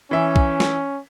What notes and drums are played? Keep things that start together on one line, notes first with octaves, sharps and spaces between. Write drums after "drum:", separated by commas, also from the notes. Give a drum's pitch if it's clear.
E3 C#4 E5
drum: kick B1
drum: snare